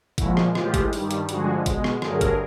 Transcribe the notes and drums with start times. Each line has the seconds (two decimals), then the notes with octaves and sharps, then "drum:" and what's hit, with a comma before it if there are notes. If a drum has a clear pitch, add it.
0.18 A#2 F3 G#3 E4 F#4, drum: kick G#1, hi-hat
0.37 drum: rim click
0.55 A2 E3 G#3 F4 G4, drum: rim click
0.74 drum: kick G#1, hi-hat
0.93 G2 D#3 G3, drum: open hi-hat
1.11 drum: hi-hat
1.29 G2 D3 F3 G#3 F#4 G#4, drum: hi-hat
1.66 B2 G#3, drum: kick G#1, hi-hat
1.84 drum: rim click
2.02 G2 D3 F#3 A3 G#4 A#4, drum: rim click
2.21 drum: kick G#1, hi-hat